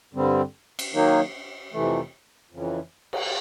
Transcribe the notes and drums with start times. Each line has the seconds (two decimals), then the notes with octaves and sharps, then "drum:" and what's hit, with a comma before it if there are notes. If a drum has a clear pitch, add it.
0.13 G2 D3 G3 C4
0.79 drum: cymbal
0.93 D#3 F#3 A#3 D#4
1.72 F2 C3 E3 A3
2.51 F2 C#3 E3
3.13 drum: cymbal